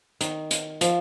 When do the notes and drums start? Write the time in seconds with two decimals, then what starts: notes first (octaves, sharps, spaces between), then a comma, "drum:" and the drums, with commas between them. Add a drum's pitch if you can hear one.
0.21 D#3, drum: hi-hat
0.51 drum: hi-hat
0.81 F3, drum: hi-hat